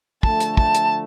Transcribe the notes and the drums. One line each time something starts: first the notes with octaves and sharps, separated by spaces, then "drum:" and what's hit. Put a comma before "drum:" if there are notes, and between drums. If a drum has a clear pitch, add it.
D3 F3 A3 A5, drum: kick
drum: hi-hat
A5, drum: kick
drum: hi-hat